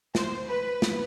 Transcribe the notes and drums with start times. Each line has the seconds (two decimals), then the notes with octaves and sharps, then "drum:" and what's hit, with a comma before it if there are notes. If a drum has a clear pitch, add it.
0.15 C5, drum: snare
0.48 B4
0.82 drum: snare